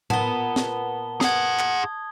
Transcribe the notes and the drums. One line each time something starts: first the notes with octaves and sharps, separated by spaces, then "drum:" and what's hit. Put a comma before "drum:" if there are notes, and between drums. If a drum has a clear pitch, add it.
A#2 B3 A5 G7, drum: tom A2
drum: snare
G#4 F#5 D#6 G#6, drum: snare
drum: clap